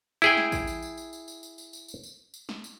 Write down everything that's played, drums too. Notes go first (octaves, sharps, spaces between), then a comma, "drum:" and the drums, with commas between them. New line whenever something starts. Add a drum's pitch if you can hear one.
E4 G#4 G5, drum: tambourine
drum: snare
drum: kick A1, tambourine
drum: tambourine
drum: tambourine
drum: tambourine
drum: tambourine
drum: tambourine
drum: tambourine
drum: tambourine
drum: tambourine
drum: tambourine
drum: tambourine
drum: tambourine
drum: snare
drum: tambourine